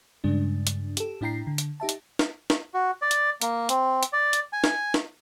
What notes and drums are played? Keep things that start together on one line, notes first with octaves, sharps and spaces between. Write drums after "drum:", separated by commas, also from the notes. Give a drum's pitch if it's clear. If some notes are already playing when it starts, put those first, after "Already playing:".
G2 C#3 G#3 D4
drum: hi-hat
G4 A4, drum: hi-hat
A2 D4 E4 G5 A#5 C7
D3
drum: hi-hat
D#4 G4 E5 A5
drum: hi-hat
drum: snare
drum: snare
F#4
D5
drum: hi-hat
A#3, drum: hi-hat
C4, drum: hi-hat
drum: hi-hat
D5
drum: hi-hat
G#5
drum: snare
drum: snare